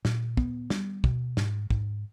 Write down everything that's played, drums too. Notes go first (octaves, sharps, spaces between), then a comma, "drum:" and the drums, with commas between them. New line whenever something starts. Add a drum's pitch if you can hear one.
A#2, drum: snare
B3, drum: kick
G3, drum: snare
B2, drum: kick
G#2, drum: snare
G#2, drum: kick